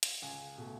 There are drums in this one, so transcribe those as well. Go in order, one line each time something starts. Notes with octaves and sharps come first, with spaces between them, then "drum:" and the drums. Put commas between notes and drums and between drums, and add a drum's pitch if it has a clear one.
drum: hi-hat
C#2 G#5
B2 A3